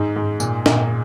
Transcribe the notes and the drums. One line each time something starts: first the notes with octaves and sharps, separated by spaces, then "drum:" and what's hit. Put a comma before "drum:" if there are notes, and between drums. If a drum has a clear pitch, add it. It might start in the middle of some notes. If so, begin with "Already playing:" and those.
Already playing: G#2 D#4
G#2
A#2, drum: tambourine
A#2, drum: snare